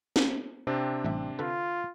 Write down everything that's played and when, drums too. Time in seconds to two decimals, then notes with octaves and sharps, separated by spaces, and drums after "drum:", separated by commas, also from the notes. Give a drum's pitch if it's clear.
0.16 A#3 B3, drum: snare
0.67 C3 C4 D4
1.05 A1 G3 E5
1.39 D3 F4 A4 B4